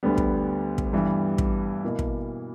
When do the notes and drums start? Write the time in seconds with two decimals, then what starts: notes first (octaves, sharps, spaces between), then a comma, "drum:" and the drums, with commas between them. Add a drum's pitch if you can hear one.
0.03 D2 D3 G3 B3
0.18 drum: kick
0.78 drum: kick
0.93 G2 E3 G3 B3
1.38 drum: kick
1.84 B2 A#3 E4
1.99 drum: kick